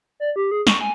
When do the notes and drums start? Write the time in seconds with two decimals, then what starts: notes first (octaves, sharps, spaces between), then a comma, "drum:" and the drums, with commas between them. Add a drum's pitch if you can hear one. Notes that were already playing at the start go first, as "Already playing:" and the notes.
0.20 D5
0.36 G4
0.51 G#4
0.67 C#6, drum: snare
0.81 G#5